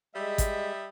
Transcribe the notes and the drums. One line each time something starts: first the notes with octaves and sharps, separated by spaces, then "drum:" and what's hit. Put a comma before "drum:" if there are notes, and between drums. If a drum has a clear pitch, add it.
G3 G#3 D#5 E5
drum: kick, hi-hat